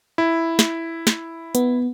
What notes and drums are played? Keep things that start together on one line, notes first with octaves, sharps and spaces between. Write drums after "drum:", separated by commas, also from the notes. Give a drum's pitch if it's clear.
E4
drum: snare
drum: snare
B3, drum: hi-hat